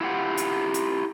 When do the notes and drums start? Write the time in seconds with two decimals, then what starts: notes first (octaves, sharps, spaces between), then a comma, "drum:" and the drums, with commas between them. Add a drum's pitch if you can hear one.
0.01 E4 F4 G4 F#5
0.37 drum: hi-hat
0.74 drum: hi-hat